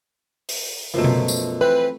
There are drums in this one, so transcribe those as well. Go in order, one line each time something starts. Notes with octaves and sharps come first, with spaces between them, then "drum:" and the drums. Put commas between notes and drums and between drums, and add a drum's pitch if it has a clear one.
drum: open hi-hat
F#2 B2 F3 F#3 A3
drum: tom B2
drum: tambourine
E3 C4 B4